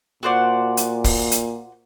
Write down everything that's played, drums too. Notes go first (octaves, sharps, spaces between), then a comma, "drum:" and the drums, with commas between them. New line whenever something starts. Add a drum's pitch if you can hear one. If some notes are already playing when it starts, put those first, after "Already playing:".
A#2 F#4 C5 D5
drum: hi-hat
drum: kick, open hi-hat
drum: hi-hat